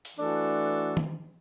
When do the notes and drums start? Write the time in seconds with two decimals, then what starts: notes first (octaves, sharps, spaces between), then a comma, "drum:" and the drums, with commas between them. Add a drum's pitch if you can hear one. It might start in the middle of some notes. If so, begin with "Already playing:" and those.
0.05 drum: open hi-hat
0.17 E3 A3 D4 F#4 A4
0.97 drum: tom D#3